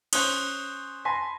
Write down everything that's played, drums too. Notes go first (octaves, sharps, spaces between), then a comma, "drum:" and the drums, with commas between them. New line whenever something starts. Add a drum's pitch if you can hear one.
C#4 C5 D#6 F#6, drum: cymbal
G#5 A5 B5 C6 A#6 B6